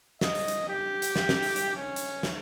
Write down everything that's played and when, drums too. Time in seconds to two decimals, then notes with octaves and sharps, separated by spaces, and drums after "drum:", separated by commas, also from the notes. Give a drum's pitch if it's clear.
0.21 D#5, drum: snare
0.35 drum: open hi-hat
0.48 drum: hi-hat
0.69 G4
1.02 drum: hi-hat
1.16 drum: snare
1.29 drum: snare
1.43 drum: open hi-hat
1.56 drum: hi-hat
1.75 C#4
1.96 drum: hi-hat
2.23 drum: snare